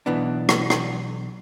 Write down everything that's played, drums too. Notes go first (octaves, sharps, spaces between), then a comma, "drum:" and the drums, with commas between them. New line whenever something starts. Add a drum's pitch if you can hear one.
B1 E3 B3 D4
drum: rim click
drum: rim click